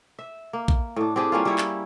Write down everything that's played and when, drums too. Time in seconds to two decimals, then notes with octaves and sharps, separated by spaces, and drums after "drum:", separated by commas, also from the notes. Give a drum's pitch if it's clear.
0.19 E5
0.53 A#3
0.68 drum: kick A#1
0.96 A2 D4
1.16 C4 D4 G4 G#4
1.32 G3 A#3 C#4 F4
1.45 G3 E4 C#5
1.58 drum: clap